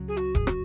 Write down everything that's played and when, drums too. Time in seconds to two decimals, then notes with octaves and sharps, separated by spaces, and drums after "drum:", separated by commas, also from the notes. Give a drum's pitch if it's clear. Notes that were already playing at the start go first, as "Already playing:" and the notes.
Already playing: C#2 C#3 F#3
0.08 G#4
0.17 F#4, drum: hi-hat
0.35 G#4, drum: kick, hi-hat
0.47 F#4, drum: rim click